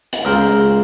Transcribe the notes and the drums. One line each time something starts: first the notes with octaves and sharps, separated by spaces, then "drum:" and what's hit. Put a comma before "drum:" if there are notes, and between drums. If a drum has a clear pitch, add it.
drum: hi-hat
C#2 A#4 C5